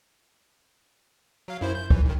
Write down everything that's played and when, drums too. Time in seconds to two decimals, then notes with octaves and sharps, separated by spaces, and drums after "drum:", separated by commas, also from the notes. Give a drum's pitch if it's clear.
1.48 F#3 F5
1.61 F#2 E4 C5
1.75 G6
1.90 E3, drum: kick C#2
2.05 B1 D#3